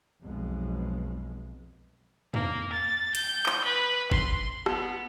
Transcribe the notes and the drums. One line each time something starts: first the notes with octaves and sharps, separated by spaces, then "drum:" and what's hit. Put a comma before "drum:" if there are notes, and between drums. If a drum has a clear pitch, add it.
B1 F2 B2 G#3
A#3, drum: tom
A6
G6, drum: hi-hat
drum: clap
B4
C6, drum: kick F#1
B3, drum: rim click